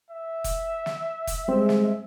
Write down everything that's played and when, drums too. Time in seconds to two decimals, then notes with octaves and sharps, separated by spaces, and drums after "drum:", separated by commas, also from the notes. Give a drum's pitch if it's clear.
0.11 E5
0.44 drum: kick F1, hi-hat
0.86 drum: snare
1.27 drum: kick F1, hi-hat
1.48 G3 G#3 C4
1.69 drum: snare